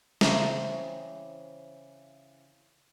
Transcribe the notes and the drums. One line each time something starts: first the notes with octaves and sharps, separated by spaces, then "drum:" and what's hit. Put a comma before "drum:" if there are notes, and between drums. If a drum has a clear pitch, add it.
C#3 E3 C4 C5 A#5, drum: snare